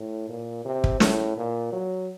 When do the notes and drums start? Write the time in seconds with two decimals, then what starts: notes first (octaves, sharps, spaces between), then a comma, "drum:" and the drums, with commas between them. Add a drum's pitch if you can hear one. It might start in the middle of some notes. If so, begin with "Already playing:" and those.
Already playing: A2
0.29 A#2
0.65 C3
0.84 drum: kick
1.00 A2, drum: snare
1.37 A#2
1.72 F#3